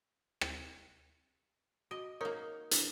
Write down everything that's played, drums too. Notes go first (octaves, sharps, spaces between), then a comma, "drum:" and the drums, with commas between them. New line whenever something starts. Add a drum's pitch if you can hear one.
drum: rim click
F#4 D#5
A#3 D#4 A#4 C#5
D4 E4, drum: hi-hat